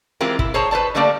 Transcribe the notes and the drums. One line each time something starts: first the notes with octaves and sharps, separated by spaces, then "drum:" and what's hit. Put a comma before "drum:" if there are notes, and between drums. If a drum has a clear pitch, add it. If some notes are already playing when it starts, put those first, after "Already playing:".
E3 G#3 C4 F4 G4 A#4
E4, drum: kick
G#4 C5 C#5 A5 A#5
B4 C5 D5 A5
D3 G3 A3 A#3 D4 D5